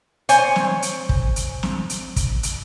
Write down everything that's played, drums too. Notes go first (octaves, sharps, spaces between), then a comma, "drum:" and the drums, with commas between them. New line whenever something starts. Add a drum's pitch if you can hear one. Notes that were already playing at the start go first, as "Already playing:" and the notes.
C5 C#5 G#5, drum: hi-hat
drum: snare
drum: hi-hat
drum: kick
drum: hi-hat
drum: snare
drum: hi-hat
drum: kick, hi-hat
drum: hi-hat